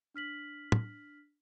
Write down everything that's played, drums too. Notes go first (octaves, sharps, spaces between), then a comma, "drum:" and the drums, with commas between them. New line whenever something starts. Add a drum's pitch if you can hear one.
D4 F6 B6 F#7
drum: tom